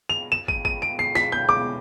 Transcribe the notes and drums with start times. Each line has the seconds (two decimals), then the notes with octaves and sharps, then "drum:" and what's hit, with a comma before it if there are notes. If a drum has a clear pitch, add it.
0.09 F7
0.32 E7
0.48 D#7, drum: kick
0.65 D#7, drum: kick
0.82 D7
0.99 C7
1.15 B6, drum: snare
1.32 G6
1.49 D6